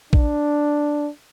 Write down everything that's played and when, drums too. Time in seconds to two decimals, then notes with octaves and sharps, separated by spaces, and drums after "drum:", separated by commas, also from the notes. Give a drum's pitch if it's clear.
0.13 D4, drum: kick A#1